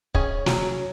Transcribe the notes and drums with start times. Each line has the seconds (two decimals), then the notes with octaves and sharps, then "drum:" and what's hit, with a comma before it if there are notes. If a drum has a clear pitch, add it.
0.15 C#4 G#4 C#5, drum: kick
0.46 F#3, drum: snare